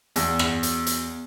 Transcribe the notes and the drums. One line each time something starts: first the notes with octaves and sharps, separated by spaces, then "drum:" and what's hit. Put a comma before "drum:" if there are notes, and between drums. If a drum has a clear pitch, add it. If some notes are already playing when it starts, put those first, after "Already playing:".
E2, drum: hi-hat
drum: rim click
drum: hi-hat
drum: hi-hat